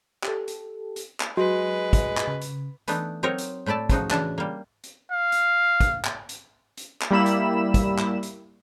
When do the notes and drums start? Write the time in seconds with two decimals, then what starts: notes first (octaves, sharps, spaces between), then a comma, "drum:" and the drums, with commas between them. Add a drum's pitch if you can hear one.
0.23 G4 A4, drum: clap
0.48 drum: hi-hat
0.96 drum: hi-hat
1.20 drum: clap
1.37 F#3 G#3 F#4 B4
1.93 drum: kick, hi-hat
2.17 drum: clap
2.27 C#3
2.41 drum: hi-hat
2.88 E3 A3 B3 D4 D#4, drum: hi-hat
3.23 F#3 C4 D#4 A#4 C#5
3.38 drum: hi-hat
3.66 A2 A3 E4 D5 A5
3.89 C#3 F3 D#4 F#4, drum: kick, hi-hat
4.11 C#3 E3 D4 A5, drum: clap
4.38 G3 A#3
4.84 drum: hi-hat
5.11 F5
5.32 drum: hi-hat
5.80 drum: kick, hi-hat
6.05 drum: clap
6.29 drum: hi-hat
6.77 drum: hi-hat
7.02 drum: clap
7.11 G3 A#3 E4 B5 E6 E7
7.26 drum: hi-hat
7.74 drum: kick, hi-hat
7.98 drum: clap
8.23 drum: hi-hat